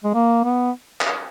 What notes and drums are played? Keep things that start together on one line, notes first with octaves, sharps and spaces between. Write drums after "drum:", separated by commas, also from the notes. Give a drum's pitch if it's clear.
G#3
A#3
B3
drum: clap